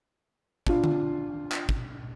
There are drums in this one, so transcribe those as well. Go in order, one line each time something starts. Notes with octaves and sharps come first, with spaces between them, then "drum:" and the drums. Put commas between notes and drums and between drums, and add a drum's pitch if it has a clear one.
D4 F4, drum: kick
drum: tom D3
drum: clap
drum: kick